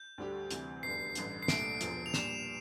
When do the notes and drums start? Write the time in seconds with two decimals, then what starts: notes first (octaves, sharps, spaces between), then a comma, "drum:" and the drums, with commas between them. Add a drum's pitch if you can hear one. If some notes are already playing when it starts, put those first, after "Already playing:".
Already playing: G6
0.18 D2 D3 G3 D4 G4
0.51 D2 C3 E3 G3, drum: hi-hat
0.83 F1 E2 D3 G3 C7
1.15 A1 G2 D3, drum: hi-hat
1.43 C7
1.48 C2 A#2 A3 D4 A4 D7, drum: snare
1.81 E1 E2 D3 F3, drum: hi-hat
2.06 F7
2.14 A#2 G3 D4 E7, drum: snare